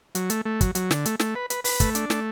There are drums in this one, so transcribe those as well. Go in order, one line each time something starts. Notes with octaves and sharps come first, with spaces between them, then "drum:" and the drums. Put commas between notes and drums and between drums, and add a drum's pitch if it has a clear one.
F#3, drum: hi-hat
A3, drum: hi-hat
A3
F#3, drum: kick, hi-hat
F#3, drum: hi-hat
D3, drum: snare
A3, drum: hi-hat
A3, drum: snare
B4
B4, drum: hi-hat
B4, drum: open hi-hat
A3, drum: kick, hi-hat
D4, drum: hi-hat
A3, drum: snare